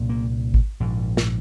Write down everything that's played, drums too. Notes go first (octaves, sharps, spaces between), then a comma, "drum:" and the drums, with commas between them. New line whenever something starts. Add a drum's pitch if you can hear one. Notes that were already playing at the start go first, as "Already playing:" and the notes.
Already playing: C2 A#2
A#3
drum: kick G#1
A#1 G#2
drum: snare